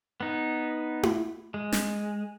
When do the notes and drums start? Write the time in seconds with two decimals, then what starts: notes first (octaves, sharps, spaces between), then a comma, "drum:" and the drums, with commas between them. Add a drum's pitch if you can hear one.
0.21 B3 D#4
1.03 drum: tom E4
1.54 G#3
1.72 drum: snare